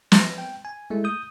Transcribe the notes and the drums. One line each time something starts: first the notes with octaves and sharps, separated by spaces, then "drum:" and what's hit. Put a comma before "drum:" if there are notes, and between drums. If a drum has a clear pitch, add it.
A#6, drum: snare
G5
G#5
G#3 A3 E4
D#6 G6